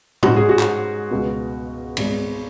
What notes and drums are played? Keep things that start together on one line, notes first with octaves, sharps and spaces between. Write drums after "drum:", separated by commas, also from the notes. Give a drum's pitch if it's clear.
G#2 G#3 C#4 F#4, drum: tom A2
G#4
F#4
drum: clap
C#2 B2 B3
G#1 G#2 G#3 B3, drum: cymbal